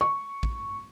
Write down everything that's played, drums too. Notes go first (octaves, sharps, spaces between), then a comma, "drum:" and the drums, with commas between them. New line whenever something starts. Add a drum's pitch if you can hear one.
C#6
drum: kick A1